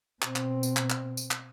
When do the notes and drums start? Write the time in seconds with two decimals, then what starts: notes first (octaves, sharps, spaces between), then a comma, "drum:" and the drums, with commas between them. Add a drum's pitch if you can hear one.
0.22 B2 C4, drum: clap
0.36 drum: clap
0.63 drum: tambourine
0.77 drum: clap
0.90 drum: clap
1.17 drum: tambourine
1.31 drum: clap